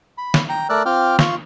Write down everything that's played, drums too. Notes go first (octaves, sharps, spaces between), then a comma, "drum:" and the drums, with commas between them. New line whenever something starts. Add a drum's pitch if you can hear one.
B5
drum: snare
G5 A#5
A3 A#4 D5 E6 F#6
C4 F4 G5 D6 F6
F4 C6 C#6, drum: snare